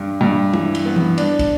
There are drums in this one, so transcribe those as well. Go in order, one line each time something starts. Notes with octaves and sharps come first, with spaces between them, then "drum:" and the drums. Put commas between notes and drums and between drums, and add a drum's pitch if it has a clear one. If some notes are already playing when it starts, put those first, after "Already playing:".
Already playing: G2
G2
E3, drum: tom
drum: cymbal
B3
drum: tom E3
D4, drum: cymbal
drum: kick, cymbal